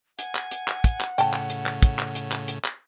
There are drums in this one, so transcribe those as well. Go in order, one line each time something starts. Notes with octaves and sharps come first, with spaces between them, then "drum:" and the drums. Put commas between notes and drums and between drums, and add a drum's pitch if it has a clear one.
F#5 G#5, drum: hi-hat
drum: clap
drum: hi-hat
drum: clap
drum: kick, hi-hat
drum: clap
A2 C#3 G5 A5, drum: hi-hat
drum: clap
drum: hi-hat
drum: clap
drum: kick, hi-hat
drum: clap
drum: hi-hat
drum: clap
drum: hi-hat
drum: clap